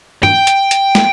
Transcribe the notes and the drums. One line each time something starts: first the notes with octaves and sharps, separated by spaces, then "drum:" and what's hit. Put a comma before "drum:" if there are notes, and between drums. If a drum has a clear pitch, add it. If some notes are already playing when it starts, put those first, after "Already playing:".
G5, drum: tom
drum: hi-hat
drum: hi-hat
drum: snare